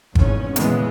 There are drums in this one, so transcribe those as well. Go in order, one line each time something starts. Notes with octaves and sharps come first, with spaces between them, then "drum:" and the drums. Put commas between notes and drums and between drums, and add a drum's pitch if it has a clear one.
F1 E2 G#2 C#4, drum: kick
D2 A#2 C#3 E3 G#3 B3, drum: hi-hat